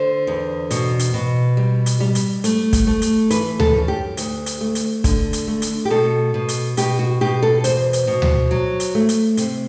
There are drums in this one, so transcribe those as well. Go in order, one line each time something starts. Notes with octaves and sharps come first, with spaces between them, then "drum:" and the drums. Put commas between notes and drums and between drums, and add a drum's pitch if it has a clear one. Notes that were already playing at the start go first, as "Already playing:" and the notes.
Already playing: D3 C5
E2
B2, drum: hi-hat
drum: hi-hat
B2
G3
drum: hi-hat
G3
drum: hi-hat
A3, drum: hi-hat
drum: kick, hi-hat
A3
drum: hi-hat
E3 B4, drum: hi-hat
A4, drum: tom D2
F#2
G4
D2, drum: hi-hat
drum: hi-hat
A3
drum: hi-hat
D3, drum: kick, hi-hat
drum: hi-hat
A3
drum: hi-hat
G4
B2 A4
B2
drum: hi-hat
B2 G4, drum: hi-hat
F#4
B2 G4
A4
E2 C5, drum: hi-hat
drum: hi-hat
B2
drum: tom D2
F#3
drum: hi-hat
A3
drum: hi-hat
C3, drum: hi-hat